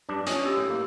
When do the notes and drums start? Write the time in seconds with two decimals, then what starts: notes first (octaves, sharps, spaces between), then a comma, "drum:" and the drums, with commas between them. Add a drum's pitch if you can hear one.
0.09 G2 D4
0.27 C#4 D#5, drum: hi-hat
0.45 G4 E6
0.57 A2
0.70 A#3